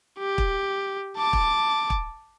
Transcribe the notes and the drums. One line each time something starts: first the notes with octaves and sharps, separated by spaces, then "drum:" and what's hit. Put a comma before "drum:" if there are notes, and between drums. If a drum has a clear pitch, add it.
G4
drum: kick
A5 D6
drum: kick
drum: kick